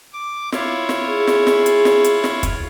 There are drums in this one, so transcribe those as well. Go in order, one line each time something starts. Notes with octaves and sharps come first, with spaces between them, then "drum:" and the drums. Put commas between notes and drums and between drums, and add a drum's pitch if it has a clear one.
D6
E4 F4 C#5, drum: snare
drum: snare
G#4
drum: snare
drum: snare
drum: hi-hat
drum: snare
drum: hi-hat
drum: snare
drum: kick, hi-hat